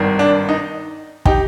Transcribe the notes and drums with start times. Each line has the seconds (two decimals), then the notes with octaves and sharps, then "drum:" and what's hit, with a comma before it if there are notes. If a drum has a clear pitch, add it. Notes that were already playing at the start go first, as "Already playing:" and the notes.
Already playing: G#1 G2 D#3
0.19 D4
0.49 D#4
1.25 D#4 G4, drum: kick